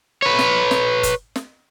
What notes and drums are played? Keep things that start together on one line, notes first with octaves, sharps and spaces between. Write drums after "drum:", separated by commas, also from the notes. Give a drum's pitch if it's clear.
B4 C#5
drum: snare
drum: snare
drum: kick F#1, hi-hat
drum: snare